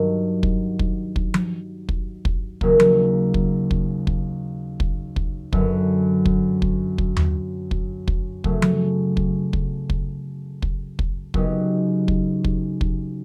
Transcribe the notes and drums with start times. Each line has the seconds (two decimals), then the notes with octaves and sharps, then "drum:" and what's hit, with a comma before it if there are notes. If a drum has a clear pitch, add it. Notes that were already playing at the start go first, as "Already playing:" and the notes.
Already playing: G2 D#3 F#3
0.43 drum: kick
0.79 drum: kick
1.16 drum: kick
1.34 drum: tom F3
1.89 drum: kick
2.25 drum: kick
2.61 D#2 C#3 F#3 A#3, drum: kick
2.80 drum: tom F3
3.34 drum: kick
3.71 drum: kick
4.07 drum: kick
4.80 drum: kick
5.16 drum: kick
5.53 F#2 D3 F#3 B3, drum: kick
6.26 drum: kick
6.62 drum: kick
6.98 drum: kick
7.17 drum: tom D#2
7.71 drum: kick
8.08 drum: kick
8.44 C#3 F#3 A3, drum: kick
8.62 drum: tom F3
9.17 drum: kick
9.53 drum: kick
9.90 drum: kick
10.62 drum: kick
10.99 drum: kick
11.34 C#3 F#3 B3 D#4 G4, drum: kick
12.08 drum: kick
12.44 drum: kick
12.81 drum: kick